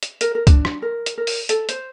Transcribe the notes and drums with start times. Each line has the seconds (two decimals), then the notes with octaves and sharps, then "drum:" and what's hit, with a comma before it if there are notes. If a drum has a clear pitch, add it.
0.03 drum: hi-hat
0.21 A#4, drum: hi-hat
0.35 A#4
0.47 D4, drum: kick, hi-hat
0.65 drum: rim click
0.82 A#4
1.06 drum: hi-hat
1.18 A#4
1.27 drum: open hi-hat
1.49 A4, drum: hi-hat
1.69 C5, drum: hi-hat